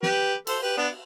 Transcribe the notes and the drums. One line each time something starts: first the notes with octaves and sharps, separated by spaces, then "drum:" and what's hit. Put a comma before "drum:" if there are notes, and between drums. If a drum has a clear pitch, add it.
G4 B4, drum: snare
A4 C5, drum: cymbal
G4 B4
B3 D4